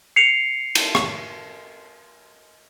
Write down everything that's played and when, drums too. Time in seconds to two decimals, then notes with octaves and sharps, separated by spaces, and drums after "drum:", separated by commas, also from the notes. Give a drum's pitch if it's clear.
0.16 C7 C#7 F7
0.75 drum: cymbal
0.95 drum: rim click